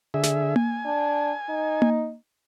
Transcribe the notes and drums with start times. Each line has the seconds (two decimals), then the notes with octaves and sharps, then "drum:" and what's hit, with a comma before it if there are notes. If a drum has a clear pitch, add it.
0.14 D3 G#4 E5
0.23 drum: snare
0.56 G#5, drum: tom A#3
0.85 D4
1.49 D#4
1.82 drum: tom A#3